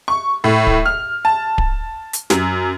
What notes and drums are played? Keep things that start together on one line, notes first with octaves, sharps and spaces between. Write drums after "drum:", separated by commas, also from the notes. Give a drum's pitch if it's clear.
C#6
A2
drum: kick D1
F6
A5
drum: kick D1
drum: hi-hat
F#2, drum: snare